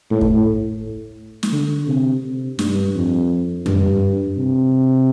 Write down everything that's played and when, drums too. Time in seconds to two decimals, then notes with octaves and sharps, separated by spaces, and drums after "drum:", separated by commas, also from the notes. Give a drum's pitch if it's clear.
0.11 A2
0.21 drum: kick
1.43 drum: snare
1.52 D3
1.88 C3
2.23 C3
2.59 G2, drum: snare
2.95 F2
3.66 G2, drum: tom F#2
4.37 C3